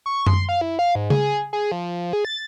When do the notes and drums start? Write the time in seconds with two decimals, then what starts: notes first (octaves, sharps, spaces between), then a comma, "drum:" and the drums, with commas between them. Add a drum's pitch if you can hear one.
0.06 C#6
0.26 C6, drum: tom F#2
0.49 F5
0.61 E4
0.79 F5
0.95 G#2
1.10 G#4, drum: tom C#3
1.53 G#4
1.72 F3
2.13 G#4
2.25 A6